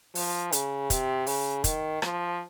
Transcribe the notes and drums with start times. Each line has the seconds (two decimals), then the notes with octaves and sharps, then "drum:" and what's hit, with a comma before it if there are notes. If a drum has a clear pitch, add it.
0.15 F3, drum: open hi-hat
0.52 C#3, drum: hi-hat
0.90 C3, drum: kick, hi-hat
1.27 C#3, drum: open hi-hat
1.64 D#3, drum: kick, hi-hat
2.02 F3, drum: rim click